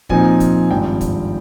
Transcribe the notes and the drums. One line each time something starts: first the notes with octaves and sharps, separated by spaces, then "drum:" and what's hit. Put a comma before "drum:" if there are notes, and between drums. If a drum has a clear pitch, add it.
A#2 F3 C4 D#4 G#5, drum: kick
drum: kick, hi-hat
G#1 G2 F3 G5
drum: kick, hi-hat